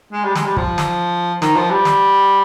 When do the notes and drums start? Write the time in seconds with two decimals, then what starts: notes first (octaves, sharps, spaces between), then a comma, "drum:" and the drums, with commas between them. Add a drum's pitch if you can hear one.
0.13 G#3
0.24 G3
0.36 G#3, drum: snare
0.45 G3
0.57 F3, drum: kick
0.78 drum: snare
1.42 D#3, drum: snare
1.56 F3
1.71 G3
1.85 drum: snare